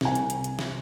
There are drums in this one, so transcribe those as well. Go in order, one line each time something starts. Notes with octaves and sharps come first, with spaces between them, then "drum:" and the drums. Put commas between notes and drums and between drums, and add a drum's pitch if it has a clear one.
C2 G#5, drum: snare
drum: hi-hat
drum: hi-hat
drum: hi-hat
drum: snare